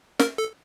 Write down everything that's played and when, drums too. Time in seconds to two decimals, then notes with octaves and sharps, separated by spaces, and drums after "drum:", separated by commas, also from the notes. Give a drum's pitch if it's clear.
0.20 A#4, drum: snare
0.38 A4